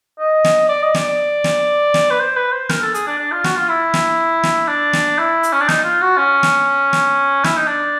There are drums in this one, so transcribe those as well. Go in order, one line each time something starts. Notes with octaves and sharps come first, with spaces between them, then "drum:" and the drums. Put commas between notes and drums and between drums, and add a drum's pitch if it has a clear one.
D#5
drum: snare
D5
D#5
D5, drum: snare
drum: snare
drum: snare
B4
C5
B4
C5
A#4, drum: snare
A4
G#4, drum: hi-hat
D4
D4
F4
F#4, drum: snare
F4
E4
drum: snare
drum: snare
D4
drum: snare
E4
drum: hi-hat
C#4
D4
D#4, drum: snare
F4
F#4
C#4
drum: snare
drum: snare
E4, drum: snare
D#4
D4